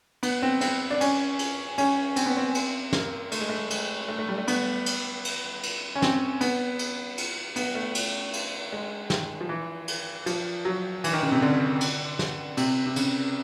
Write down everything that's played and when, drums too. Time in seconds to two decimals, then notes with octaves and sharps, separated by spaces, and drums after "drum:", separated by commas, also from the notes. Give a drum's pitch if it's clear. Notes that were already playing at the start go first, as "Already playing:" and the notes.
0.23 B3, drum: cymbal
0.42 C4
0.61 C4, drum: cymbal
0.90 D4
1.01 C#4, drum: cymbal
1.39 drum: cymbal
1.78 C#4, drum: cymbal
2.16 C4, drum: cymbal
2.26 B3
2.37 C4
2.55 drum: cymbal
2.93 A#3, drum: snare
3.32 A3, drum: cymbal
3.41 G#3
3.49 A3
3.70 G#3, drum: cymbal
4.08 A3
4.19 A3
4.29 G3
4.38 A3
4.48 B3, drum: cymbal
4.86 drum: cymbal
5.25 drum: cymbal
5.63 drum: cymbal
5.95 C#4
6.02 C4, drum: snare
6.41 B3, drum: cymbal
6.79 drum: cymbal
7.18 drum: cymbal
7.56 B3, drum: cymbal
7.75 A3
7.95 drum: cymbal
8.33 drum: cymbal
8.72 G#3
9.10 D#3, drum: snare
9.41 F3
9.49 E3
9.88 drum: cymbal
10.26 F3, drum: cymbal
10.65 F#3
11.04 E3, drum: cymbal
11.13 D#3
11.22 C#3
11.32 C3
11.42 D3
11.81 drum: cymbal
12.19 drum: snare
12.57 C3, drum: cymbal
12.86 C3
12.96 C#3, drum: cymbal